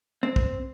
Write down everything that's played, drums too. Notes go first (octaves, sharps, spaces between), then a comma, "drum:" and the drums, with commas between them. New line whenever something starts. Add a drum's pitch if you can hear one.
C4
drum: kick